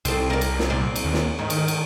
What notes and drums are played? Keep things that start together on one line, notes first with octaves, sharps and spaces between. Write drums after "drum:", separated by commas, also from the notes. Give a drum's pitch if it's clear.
C2 C4 A4, drum: cymbal
A#4 D5
drum: cymbal
drum: snare
A#2 C4 D5
drum: cymbal
D#2
drum: snare
G#2 D#3
drum: cymbal
drum: cymbal